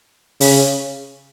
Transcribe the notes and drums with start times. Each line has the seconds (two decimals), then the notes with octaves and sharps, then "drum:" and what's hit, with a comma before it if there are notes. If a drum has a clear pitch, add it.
0.40 C#3, drum: open hi-hat